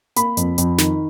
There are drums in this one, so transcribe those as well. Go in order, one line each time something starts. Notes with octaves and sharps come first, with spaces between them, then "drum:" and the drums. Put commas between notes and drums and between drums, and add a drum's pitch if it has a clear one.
A#3 B5, drum: hi-hat
F2, drum: hi-hat
F2, drum: hi-hat
D#3, drum: snare